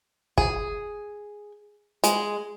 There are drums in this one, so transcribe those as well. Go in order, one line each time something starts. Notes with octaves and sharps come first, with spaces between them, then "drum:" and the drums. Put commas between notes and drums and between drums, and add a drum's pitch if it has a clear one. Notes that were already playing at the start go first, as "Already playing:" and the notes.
G#4, drum: kick
G#3, drum: hi-hat